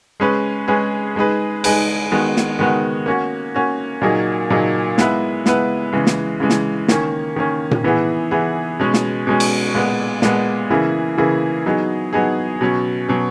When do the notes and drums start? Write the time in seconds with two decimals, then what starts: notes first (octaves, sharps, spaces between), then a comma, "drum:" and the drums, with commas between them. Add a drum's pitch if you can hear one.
0.20 G#3 C#4 G#4 B4
0.68 G#3 C#4 G#4 B4
1.16 G#3 D#4 G#4 B4
1.64 G#3 D#4 G#4 B4, drum: cymbal
2.11 D#3 G#3 B3 F#4
2.37 drum: snare
2.59 D#3 G#3 B3 F#4
3.06 A#3 C#4 F#4
3.55 A#3 C#4 F#4
4.02 A#2 F#3 A#3 D#4 G#4
4.50 A#2 F#3 A#3 D#4 G#4
4.98 G#3 B3 E4 B4, drum: snare
5.46 G#3 B3 E4 B4, drum: snare
5.93 C#3 E3 G#3
6.07 drum: snare
6.40 C#3 E3 G#3
6.50 drum: snare
6.88 D#3 A#3 C#4, drum: snare
7.36 D#3 A#3 C#4
7.71 drum: tom A#2
7.84 E3 B3 E4 G#4
8.31 E3 B3 E4 G#4
8.80 B2 G#3 C#4
8.94 drum: snare
9.27 B2 G#3 C#4
9.40 drum: cymbal
9.74 A#2 G#3 B3
10.22 A#2 G#3 B3, drum: snare
10.70 C#3 E3 A#3 E4 G#4
11.18 C#3 E3 A#3 E4 G#4
11.66 F#3 B3 D#4 G#4
12.13 F#3 B3 D#4 G#4
12.61 B2 F#3 C#4
13.08 B2 F#3 C#4